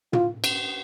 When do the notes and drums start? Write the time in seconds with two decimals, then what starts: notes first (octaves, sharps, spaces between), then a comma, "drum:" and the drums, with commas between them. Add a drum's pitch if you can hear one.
0.13 F4, drum: tom
0.44 drum: cymbal